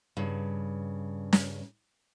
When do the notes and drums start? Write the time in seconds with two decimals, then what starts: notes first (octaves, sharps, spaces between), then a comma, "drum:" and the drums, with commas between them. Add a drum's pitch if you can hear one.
0.17 G2 C#3
1.33 drum: snare